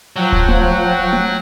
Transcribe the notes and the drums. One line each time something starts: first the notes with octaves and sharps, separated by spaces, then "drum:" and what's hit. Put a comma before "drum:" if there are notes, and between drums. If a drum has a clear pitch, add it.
F3 F#3 F#5 G5
drum: kick D1
drum: tom A3
drum: tom A3